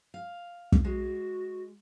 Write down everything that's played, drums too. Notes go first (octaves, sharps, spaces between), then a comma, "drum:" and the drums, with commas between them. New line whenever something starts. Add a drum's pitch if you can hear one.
F5
drum: kick
G#3 F#4